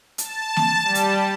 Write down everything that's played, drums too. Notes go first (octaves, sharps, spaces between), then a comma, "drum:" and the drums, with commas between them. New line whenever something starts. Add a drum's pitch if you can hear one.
A5, drum: hi-hat
drum: snare A#3
G3
drum: hi-hat